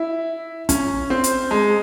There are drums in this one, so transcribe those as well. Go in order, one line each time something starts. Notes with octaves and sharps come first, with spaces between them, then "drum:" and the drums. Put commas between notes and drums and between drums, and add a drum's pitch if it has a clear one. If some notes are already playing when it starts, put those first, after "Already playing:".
Already playing: E4
C#4, drum: kick, hi-hat
C4
drum: hi-hat
G#3